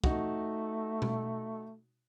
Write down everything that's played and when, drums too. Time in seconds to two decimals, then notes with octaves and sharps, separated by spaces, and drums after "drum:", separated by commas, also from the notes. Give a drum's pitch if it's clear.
0.04 A3 D#4 F#4, drum: kick
1.02 drum: tom B2